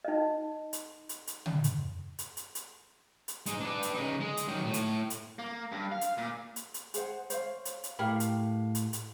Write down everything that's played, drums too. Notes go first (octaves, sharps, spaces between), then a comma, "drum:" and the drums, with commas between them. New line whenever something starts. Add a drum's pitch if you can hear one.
D#4 D#5
drum: hi-hat
drum: hi-hat
drum: hi-hat
drum: tom
drum: hi-hat
drum: hi-hat
drum: hi-hat
drum: hi-hat
drum: hi-hat
G#3 D#4, drum: hi-hat
D4 B4
drum: hi-hat
C#3 D#4
G#3
drum: hi-hat
D#3 F#3
A2
drum: hi-hat
drum: hi-hat
A#3
G2
F5
drum: hi-hat
A#2
drum: hi-hat
drum: hi-hat
G#4 C5 F#5, drum: hi-hat
C5 C#5 F5, drum: hi-hat
drum: hi-hat
drum: hi-hat
A2 G4 A#4 F5 B5
drum: hi-hat
drum: hi-hat
drum: hi-hat